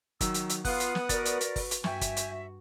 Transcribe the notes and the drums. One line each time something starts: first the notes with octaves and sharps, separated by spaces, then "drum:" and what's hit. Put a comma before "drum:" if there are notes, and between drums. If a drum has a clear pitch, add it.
D#3 F#3 E6, drum: kick G1, hi-hat
drum: hi-hat
drum: hi-hat
B3 F4 F#5 D#6 F#6, drum: kick G1, open hi-hat
drum: hi-hat
drum: snare
F#4 A#4 B4 D5 A6, drum: kick G1, hi-hat
drum: hi-hat
drum: hi-hat
drum: kick G1, open hi-hat
drum: hi-hat
G2 F#4 E5 G5 G#5 C#6, drum: snare
drum: kick G1, hi-hat
drum: hi-hat